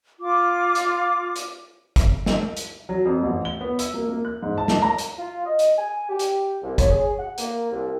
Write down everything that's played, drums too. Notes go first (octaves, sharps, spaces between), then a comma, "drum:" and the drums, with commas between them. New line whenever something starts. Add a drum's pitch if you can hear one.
F4 D6
drum: hi-hat
drum: hi-hat
drum: kick, hi-hat
drum: snare
drum: hi-hat
F#3
F2
A1
G7
B3
E6, drum: hi-hat
A#3
A#3
F#6
G#2
A5
drum: snare
A#5
drum: hi-hat
F4
D#5
drum: hi-hat
G#5
G4
drum: hi-hat
C2
C#5, drum: kick, hi-hat
G#4
F#5
A#3, drum: hi-hat
C2